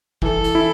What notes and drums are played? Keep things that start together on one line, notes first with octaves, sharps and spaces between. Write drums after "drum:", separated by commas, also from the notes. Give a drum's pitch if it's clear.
E3 A4, drum: kick
drum: hi-hat
E4